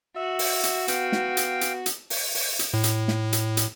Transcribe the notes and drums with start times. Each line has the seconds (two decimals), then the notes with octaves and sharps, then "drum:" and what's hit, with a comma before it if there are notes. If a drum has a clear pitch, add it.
0.16 F#4 E5
0.39 drum: open hi-hat
0.63 drum: hi-hat
0.88 B3 F5 G5, drum: hi-hat
1.12 drum: snare
1.37 drum: hi-hat
1.61 drum: hi-hat
1.86 drum: hi-hat
2.10 drum: open hi-hat
2.35 drum: open hi-hat
2.59 drum: hi-hat
2.74 A2
2.84 drum: hi-hat
3.08 drum: snare
3.33 drum: hi-hat
3.57 drum: hi-hat